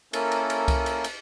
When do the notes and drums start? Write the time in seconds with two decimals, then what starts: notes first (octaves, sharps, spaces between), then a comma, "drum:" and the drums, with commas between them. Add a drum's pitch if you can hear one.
0.13 A#3 C#4 E4 A4 A#4, drum: cymbal
0.32 drum: cymbal
0.50 drum: cymbal
0.68 drum: kick C2, cymbal
0.86 drum: cymbal
1.04 drum: cymbal